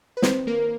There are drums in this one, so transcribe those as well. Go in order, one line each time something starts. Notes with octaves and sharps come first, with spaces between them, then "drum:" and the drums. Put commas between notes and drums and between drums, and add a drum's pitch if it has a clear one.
B4
D#3 C4 C5, drum: snare
A#3 A#4